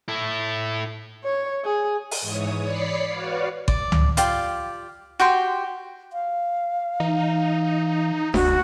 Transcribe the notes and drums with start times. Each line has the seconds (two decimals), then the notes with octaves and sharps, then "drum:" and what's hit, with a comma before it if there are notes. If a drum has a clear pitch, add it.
0.08 E4 A4
1.24 C#5
1.64 G#4
2.12 drum: open hi-hat
2.21 G#2 E3 C#5 D#6
2.62 C#5 D5 B5 C#6 B6 C7
3.08 F#4 B4 C#5 D5 F5
3.68 D5, drum: kick
3.92 drum: tom C#2
4.17 F4 G4 D5 F5, drum: hi-hat
5.20 F#4 G4 G5 C6
6.13 F5
7.00 E3 D#4
8.34 F1 D2 F#4, drum: snare D4